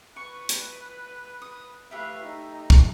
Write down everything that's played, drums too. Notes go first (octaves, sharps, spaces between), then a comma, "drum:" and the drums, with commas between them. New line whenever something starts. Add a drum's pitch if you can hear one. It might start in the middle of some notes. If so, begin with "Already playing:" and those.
B4 C#6
drum: hi-hat
D#6
A3 G4 B4 E5 F5
D#4
drum: kick